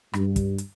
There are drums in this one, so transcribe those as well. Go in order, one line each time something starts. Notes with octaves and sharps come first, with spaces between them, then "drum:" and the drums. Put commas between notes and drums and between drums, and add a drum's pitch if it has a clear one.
G2, drum: rim click
drum: kick, hi-hat
drum: hi-hat